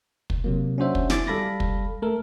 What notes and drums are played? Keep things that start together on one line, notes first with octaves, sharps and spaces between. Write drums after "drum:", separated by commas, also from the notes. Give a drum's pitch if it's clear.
drum: kick
C3 F#3 A#3
C#4 D4 F#4 C5 E5
drum: kick
E4 G#5 D6 A6, drum: snare
G3 A4 F5 B5 A#6
drum: kick
A3 A4 A#4